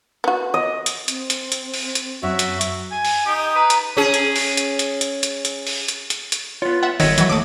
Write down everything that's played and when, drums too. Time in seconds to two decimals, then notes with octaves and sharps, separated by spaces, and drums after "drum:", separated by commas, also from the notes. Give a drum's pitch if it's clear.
0.24 B3 F#4
0.54 D#5
0.86 drum: hi-hat
1.08 C4, drum: hi-hat
1.30 drum: hi-hat
1.52 drum: hi-hat
1.74 drum: open hi-hat
1.95 drum: hi-hat
2.23 F#2 F#4 E5
2.39 drum: hi-hat
2.61 drum: hi-hat
2.91 G#5
3.05 drum: open hi-hat
3.26 D#4 G4 D#6
3.55 B4 A#5
3.70 drum: hi-hat
3.97 C#4 G#4
4.14 drum: hi-hat
4.36 drum: open hi-hat
4.57 drum: hi-hat
4.79 drum: hi-hat
5.01 drum: hi-hat
5.23 drum: hi-hat
5.45 drum: hi-hat
5.67 drum: open hi-hat
5.88 drum: hi-hat
6.10 drum: hi-hat
6.32 drum: hi-hat
6.62 B3 F4 C#5
6.83 E5 F#5
7.00 G1 D#3 C#5 D#5 E5, drum: open hi-hat
7.18 E3 F#3, drum: hi-hat
7.29 D#2 A3 D6 D#6